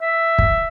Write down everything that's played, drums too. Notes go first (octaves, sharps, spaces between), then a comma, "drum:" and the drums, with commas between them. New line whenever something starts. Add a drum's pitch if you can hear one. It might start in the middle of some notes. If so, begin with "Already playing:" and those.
E5
drum: kick